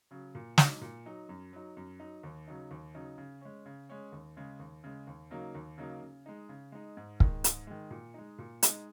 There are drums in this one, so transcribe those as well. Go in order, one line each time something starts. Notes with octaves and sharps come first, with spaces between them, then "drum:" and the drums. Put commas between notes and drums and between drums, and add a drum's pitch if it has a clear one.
C#3 F#3
A#2
F#3 D#4, drum: snare
A#2
F#3 D#4
F#2
F#3 D#4
F#2
F#3 D#4
D#2
C#3 F#3 D#4
D#2
C#3 F#3 D#4
C#3
G#3 C#4
C#3
G#3 C#4
D#2
C#3 G#3
D#2
C#3 G#3
D#2
C#3 F#3 A#3 D#4
D#2
C#3 F#3 A#3 D#4
C#3
G#3 D#4
C#3
G#3 D#4
G#2
D#3 G#3, drum: kick
G#2, drum: hi-hat
D#3 G#3
A#2
G#3 D#4
A#2
G#3 D#4, drum: hi-hat